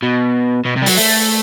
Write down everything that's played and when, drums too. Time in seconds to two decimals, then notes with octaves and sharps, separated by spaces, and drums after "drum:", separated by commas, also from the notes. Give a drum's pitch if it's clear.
0.03 B2
0.65 B2
0.76 C3
0.82 G3
0.86 F#3, drum: open hi-hat
0.97 A3